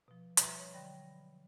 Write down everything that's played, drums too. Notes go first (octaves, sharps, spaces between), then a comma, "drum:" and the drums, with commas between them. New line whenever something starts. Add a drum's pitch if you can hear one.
B2 F3
B2 G3 B4 E5 A#5 D#6, drum: hi-hat
C#5
D3 F#3 D5 G5 B5 A#6